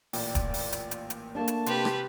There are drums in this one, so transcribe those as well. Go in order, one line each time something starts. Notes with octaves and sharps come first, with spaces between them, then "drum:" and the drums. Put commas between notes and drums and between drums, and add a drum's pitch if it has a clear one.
A1 A#2 D5 G5, drum: open hi-hat
drum: kick D#1, hi-hat
drum: open hi-hat
drum: hi-hat
drum: hi-hat
drum: hi-hat
A3 A#3 D4 A5
drum: hi-hat
C3 G4 B4 C6 F#6, drum: hi-hat
drum: rim click